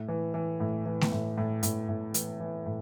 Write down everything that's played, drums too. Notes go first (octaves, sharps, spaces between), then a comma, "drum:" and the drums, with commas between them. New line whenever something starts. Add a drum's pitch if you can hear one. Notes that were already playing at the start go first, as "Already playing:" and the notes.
Already playing: A2
E3
E3
A2
E3
drum: snare A3
A2
A2
A2, drum: hi-hat
A2
E3, drum: hi-hat
E3
A2